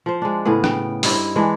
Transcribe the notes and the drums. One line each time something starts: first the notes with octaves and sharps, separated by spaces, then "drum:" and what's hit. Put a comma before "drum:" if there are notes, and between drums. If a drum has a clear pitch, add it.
F3 C5
G#3 D4
A2 C#3 B3 G#4
G5, drum: rim click
G2 D#4 E4 C5, drum: open hi-hat
E3 G#3 D4